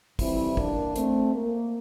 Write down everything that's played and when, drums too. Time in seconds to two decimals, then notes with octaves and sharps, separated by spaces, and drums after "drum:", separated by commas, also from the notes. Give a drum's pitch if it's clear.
0.19 F2 E3 G3 C4 E4, drum: kick, open hi-hat
0.57 A#3 D4, drum: kick
0.96 A3 C4, drum: hi-hat
1.35 A#3